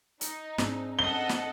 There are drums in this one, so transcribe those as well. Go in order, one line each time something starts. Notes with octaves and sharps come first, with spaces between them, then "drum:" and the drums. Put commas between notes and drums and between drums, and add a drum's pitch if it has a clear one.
D#4, drum: hi-hat
G#2 C4 D4, drum: snare
A4 D#5 F#5 G7
drum: snare